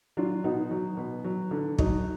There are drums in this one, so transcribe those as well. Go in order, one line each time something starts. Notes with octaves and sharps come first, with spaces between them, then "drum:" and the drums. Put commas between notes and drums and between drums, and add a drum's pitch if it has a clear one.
F#3 D4 F4
B2 D#4 F#4
F#3
B2
F#3
D3
F#3 D#4, drum: kick